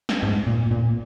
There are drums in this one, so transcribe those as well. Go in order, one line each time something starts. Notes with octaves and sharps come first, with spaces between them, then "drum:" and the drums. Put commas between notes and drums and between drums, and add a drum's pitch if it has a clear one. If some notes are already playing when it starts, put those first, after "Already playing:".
drum: snare
G#2
A#2
A#2